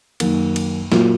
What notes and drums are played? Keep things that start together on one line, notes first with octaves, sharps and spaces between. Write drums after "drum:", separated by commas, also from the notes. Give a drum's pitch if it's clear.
F#2 D#3 A#3, drum: cymbal
drum: cymbal
A#2 F#3 A#3 F4, drum: snare